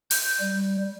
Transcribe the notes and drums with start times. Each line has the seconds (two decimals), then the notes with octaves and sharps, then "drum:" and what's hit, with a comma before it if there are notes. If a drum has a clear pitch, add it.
0.11 G6, drum: open hi-hat
0.41 G3